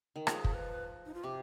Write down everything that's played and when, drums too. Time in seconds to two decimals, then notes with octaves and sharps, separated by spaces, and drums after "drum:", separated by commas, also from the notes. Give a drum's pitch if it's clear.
0.16 D#3
0.27 F3 G#4, drum: rim click
0.44 drum: kick
0.53 B4
1.06 D#4
1.14 F4
1.23 C3 G4